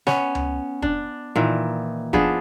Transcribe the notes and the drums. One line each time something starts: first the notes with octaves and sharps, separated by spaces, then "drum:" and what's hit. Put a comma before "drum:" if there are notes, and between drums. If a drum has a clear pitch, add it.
B3 C#4, drum: snare
drum: tom C#2
D4, drum: kick
A#2 D#3 E3
F3 B3 D4 G#4, drum: kick